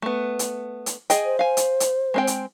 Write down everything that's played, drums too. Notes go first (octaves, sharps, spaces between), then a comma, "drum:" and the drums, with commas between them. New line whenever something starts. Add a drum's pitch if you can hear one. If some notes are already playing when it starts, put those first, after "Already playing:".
A3 B3
drum: hi-hat
drum: hi-hat
G#4 D#5 G5, drum: hi-hat
C5
F5 G#5
drum: hi-hat
drum: hi-hat
G#3 C4 G5
drum: hi-hat